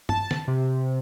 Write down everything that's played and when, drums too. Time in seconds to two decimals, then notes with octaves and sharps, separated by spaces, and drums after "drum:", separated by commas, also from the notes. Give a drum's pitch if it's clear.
0.09 A5, drum: tom G2
0.31 drum: snare
0.47 C3